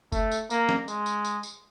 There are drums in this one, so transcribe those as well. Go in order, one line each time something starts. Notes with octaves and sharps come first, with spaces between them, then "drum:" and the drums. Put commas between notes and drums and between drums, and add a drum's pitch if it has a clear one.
A3, drum: kick F#1, tambourine
drum: tambourine
A#3, drum: tambourine
drum: snare
G#3, drum: tambourine
drum: tambourine
drum: tambourine
drum: tambourine